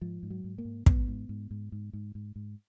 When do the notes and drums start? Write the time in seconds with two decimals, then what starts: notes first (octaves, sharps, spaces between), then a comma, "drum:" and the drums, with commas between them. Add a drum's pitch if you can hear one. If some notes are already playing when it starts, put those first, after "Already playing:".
0.01 G#2 F3
0.23 G#2
0.30 F#3
0.44 G#2
0.58 A#3
0.65 G#2
0.86 G#2 B3, drum: kick
1.08 G#2
1.29 G#2
1.51 G#2
1.72 G#2
1.93 G#2
2.15 G#2
2.36 G#2